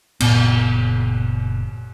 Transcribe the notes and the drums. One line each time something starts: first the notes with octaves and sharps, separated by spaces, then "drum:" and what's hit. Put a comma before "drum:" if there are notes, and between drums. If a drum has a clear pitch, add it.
F#1 A#2 B3, drum: cymbal